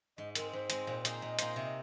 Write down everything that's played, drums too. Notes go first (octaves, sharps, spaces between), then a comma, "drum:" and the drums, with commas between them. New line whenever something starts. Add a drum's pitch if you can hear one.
G#2 D#5
G#3 C4 A#4, drum: hi-hat
G#2 C5
G#3 C4, drum: hi-hat
A#2
A#3 D#4 G#4 C5, drum: hi-hat
A#2 D#5
A#3 D#4 G#4 C5, drum: hi-hat
C3